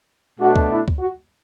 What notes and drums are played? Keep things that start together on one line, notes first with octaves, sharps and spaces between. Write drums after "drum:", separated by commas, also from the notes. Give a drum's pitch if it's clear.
B2 A3 D4 F#4
drum: kick C#2
E4
drum: kick C#2
F#4